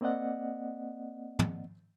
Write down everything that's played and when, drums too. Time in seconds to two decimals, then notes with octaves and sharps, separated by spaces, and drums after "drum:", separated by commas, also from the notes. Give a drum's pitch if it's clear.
0.01 A#3 C4 D5 D#5 F#5
1.39 drum: tom